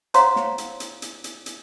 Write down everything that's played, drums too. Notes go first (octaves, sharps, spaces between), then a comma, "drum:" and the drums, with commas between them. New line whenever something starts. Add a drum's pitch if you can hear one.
C5 C#5 F5 F#5 A#5 C6, drum: hi-hat
drum: snare
drum: hi-hat
drum: hi-hat
drum: hi-hat
drum: hi-hat
drum: hi-hat